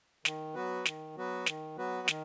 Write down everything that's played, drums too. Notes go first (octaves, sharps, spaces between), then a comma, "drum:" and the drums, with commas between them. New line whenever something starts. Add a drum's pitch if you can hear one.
D#3, drum: snare
F#3 B3 F#4 B4
D#3, drum: snare
F#3 B3 F#4 B4
D#3, drum: snare
F#3 B3 F#4 B4
D#3, drum: snare